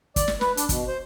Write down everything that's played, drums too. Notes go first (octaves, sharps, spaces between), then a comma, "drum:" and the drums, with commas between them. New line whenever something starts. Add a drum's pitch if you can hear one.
D5, drum: kick, hi-hat
drum: snare
B4, drum: snare
D4, drum: hi-hat
B2, drum: kick, hi-hat
C5